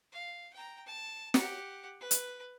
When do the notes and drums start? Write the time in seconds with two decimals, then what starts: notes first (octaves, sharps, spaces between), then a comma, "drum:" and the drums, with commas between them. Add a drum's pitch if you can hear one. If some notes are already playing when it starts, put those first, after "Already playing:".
0.12 F5
0.54 G5 A#5
0.86 A5
1.34 G4 F#5, drum: snare
2.01 B4
2.11 drum: hi-hat